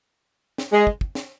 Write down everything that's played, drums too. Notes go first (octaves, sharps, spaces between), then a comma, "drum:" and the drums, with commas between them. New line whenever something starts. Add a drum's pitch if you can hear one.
drum: snare
G#3
drum: kick
drum: kick
drum: snare